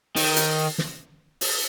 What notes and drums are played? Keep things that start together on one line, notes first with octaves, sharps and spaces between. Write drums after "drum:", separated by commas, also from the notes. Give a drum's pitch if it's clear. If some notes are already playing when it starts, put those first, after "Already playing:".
D#3, drum: open hi-hat
drum: hi-hat
drum: snare
drum: open hi-hat